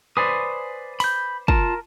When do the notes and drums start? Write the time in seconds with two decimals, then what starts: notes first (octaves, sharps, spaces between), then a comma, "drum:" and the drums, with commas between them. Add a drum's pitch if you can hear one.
0.17 B4 C5 D5 G#5 D#6
1.00 B5 G6, drum: open hi-hat
1.48 F4 A#4 A5, drum: kick